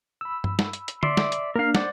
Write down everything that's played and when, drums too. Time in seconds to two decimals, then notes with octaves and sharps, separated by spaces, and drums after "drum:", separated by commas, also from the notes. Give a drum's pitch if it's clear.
0.21 B5 E6
0.44 drum: tom G2
0.59 drum: snare
0.73 drum: hi-hat
0.88 drum: hi-hat
1.03 D5 E5 C6, drum: tom D3
1.17 drum: snare
1.32 drum: hi-hat
1.56 A#3 D4 A#4 F5
1.75 C5 D5 F#5, drum: snare